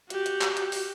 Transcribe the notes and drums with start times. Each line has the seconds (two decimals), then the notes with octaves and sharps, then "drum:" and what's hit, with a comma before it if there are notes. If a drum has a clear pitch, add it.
0.10 F#4 G4, drum: hi-hat
0.26 drum: hi-hat
0.41 drum: clap
0.57 drum: hi-hat
0.72 drum: open hi-hat